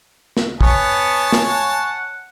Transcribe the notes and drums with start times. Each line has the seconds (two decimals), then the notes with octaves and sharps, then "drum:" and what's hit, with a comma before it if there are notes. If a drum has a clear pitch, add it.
0.37 drum: snare
0.61 B3 C#5 G#5 A5, drum: kick
1.32 drum: snare
1.50 F#5